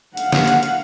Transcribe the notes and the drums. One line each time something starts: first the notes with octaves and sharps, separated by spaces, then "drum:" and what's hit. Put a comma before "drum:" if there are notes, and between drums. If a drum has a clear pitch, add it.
F5 F#5, drum: hi-hat
drum: snare
drum: hi-hat
drum: hi-hat